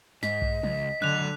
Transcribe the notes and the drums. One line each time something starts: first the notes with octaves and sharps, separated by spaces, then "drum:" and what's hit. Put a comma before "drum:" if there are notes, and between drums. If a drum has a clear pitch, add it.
G#2 D#5 B6, drum: snare
drum: kick B1
C#2, drum: tom
D3 F#3 D5 F#6 F7